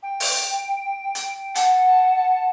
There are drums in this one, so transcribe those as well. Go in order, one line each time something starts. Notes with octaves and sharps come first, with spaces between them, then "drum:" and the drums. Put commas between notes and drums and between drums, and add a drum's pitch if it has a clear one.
G5
drum: open hi-hat
drum: hi-hat
F#5 A5, drum: hi-hat